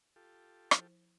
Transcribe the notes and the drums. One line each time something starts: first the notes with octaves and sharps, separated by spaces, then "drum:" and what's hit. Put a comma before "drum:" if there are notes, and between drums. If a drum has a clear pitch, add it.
F4 G4 A4
F3 E4 C5, drum: rim click